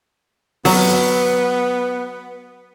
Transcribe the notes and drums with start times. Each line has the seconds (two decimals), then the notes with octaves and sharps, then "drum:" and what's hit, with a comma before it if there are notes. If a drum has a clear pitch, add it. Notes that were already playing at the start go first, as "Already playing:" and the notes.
0.65 F#3 B3, drum: open hi-hat